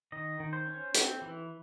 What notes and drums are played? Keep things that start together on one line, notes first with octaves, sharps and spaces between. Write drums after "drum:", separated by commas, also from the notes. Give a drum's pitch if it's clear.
D#3 D#5
D#3
C5
C#4
C4, drum: hi-hat
E3